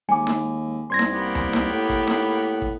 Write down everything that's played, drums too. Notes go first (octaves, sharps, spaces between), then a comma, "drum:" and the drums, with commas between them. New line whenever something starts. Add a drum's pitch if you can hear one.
D#2 G#3 G#5 D6
drum: snare D#4
C2 C6 G#6 A#6
drum: snare D#4
A#3 B3 G4
drum: tom D2
drum: snare D#4
A2
drum: kick
drum: snare D#4
drum: kick